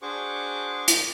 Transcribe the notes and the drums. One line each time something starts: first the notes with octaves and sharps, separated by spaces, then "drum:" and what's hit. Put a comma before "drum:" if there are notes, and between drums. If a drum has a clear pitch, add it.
D4 F#4 G#4 C5 C#6 D6
drum: hi-hat